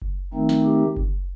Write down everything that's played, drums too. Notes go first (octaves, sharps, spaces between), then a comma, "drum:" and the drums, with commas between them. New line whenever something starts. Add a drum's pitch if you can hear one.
drum: kick F#1
D#3 A3 C4 D#4
drum: snare
G4
drum: kick F#1